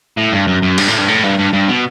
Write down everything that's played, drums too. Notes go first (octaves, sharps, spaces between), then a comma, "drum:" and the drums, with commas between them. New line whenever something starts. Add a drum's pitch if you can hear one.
A2
G2
F#2
F#2
G2, drum: cymbal
A2
G2
A2
G2
G2
G2
B2